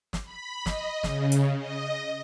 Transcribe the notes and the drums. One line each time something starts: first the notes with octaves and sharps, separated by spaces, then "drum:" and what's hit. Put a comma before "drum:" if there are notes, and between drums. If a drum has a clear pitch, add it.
drum: snare
B5
D#5, drum: snare
C#3, drum: snare
drum: hi-hat
D#5